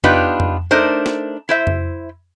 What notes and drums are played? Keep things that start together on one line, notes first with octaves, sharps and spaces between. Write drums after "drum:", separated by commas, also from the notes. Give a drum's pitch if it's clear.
B3 D4 D#4 F4 G4 B4, drum: tom F2
drum: tom F2
A3 D4 D#4 A#4 C5
drum: snare
E4 C5 E5
drum: tom F2